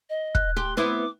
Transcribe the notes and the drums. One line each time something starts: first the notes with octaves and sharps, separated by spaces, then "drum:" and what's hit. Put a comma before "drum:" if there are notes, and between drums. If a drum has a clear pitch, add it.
D#5
F#6, drum: kick
G4 C6
B3 C4 E4 D6